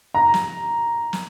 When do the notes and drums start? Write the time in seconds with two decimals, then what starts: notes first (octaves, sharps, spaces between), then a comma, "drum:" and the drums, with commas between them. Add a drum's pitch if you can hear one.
0.14 A#5
0.34 drum: snare
1.13 drum: snare